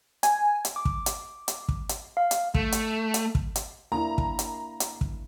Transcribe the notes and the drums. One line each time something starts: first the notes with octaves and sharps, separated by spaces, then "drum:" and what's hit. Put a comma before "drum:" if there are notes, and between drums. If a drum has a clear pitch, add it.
G#5, drum: hi-hat
drum: hi-hat
D6
drum: kick
drum: hi-hat
drum: hi-hat
drum: kick
drum: hi-hat
F5
drum: hi-hat
A3, drum: kick
drum: hi-hat
drum: hi-hat
drum: kick
drum: hi-hat
A#3 D4 E4 A#5
drum: kick
drum: hi-hat
drum: hi-hat
drum: kick